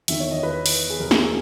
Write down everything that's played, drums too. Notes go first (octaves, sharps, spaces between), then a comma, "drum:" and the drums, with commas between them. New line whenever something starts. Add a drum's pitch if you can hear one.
E2 D#3 E5, drum: hi-hat
C#5
D#5
B4
drum: open hi-hat
G#4
E2 B2 A#4
G#4, drum: snare
F#4